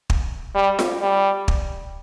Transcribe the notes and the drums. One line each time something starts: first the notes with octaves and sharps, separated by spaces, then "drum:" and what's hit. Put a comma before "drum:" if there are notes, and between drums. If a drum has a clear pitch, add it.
drum: kick
G3
drum: snare F4
G3
drum: kick